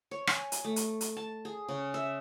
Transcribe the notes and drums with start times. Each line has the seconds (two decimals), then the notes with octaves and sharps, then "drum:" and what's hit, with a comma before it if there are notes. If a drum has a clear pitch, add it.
0.11 C#5
0.27 G#5, drum: rim click
0.52 drum: hi-hat
0.64 A3
0.76 drum: hi-hat
1.01 drum: hi-hat
1.17 A5
1.45 G#4
1.68 C#3
1.94 E5